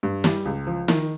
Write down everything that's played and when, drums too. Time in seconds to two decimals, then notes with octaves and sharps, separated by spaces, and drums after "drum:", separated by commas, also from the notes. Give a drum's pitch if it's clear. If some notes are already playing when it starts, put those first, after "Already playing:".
0.03 G2
0.24 G3, drum: snare
0.45 C#2
0.67 F3
0.88 D#3, drum: snare